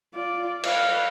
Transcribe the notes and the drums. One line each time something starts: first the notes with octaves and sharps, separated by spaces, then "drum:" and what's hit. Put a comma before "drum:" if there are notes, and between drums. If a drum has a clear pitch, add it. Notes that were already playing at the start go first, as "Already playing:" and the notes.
F4 D5
B4 F5, drum: cymbal